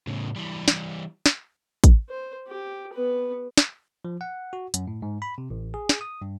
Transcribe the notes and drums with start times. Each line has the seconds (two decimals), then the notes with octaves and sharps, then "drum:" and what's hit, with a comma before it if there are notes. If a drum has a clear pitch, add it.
0.07 A2 C#3
0.36 E3 G3
0.68 drum: snare
1.26 drum: snare
1.84 drum: kick, hi-hat
2.09 C5
2.48 G4
2.93 B3 B4
3.57 drum: snare
4.05 F3
4.21 F#5
4.53 F#4
4.74 F#2, drum: hi-hat
4.87 A2
5.02 G#2
5.22 B5
5.38 C3
5.50 A1
5.74 G#4
5.89 drum: snare
6.01 D#6
6.22 G2